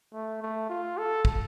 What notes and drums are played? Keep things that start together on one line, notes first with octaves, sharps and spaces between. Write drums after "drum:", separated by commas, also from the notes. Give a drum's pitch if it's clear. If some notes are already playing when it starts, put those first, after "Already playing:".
A3
A3
F4
A4
drum: kick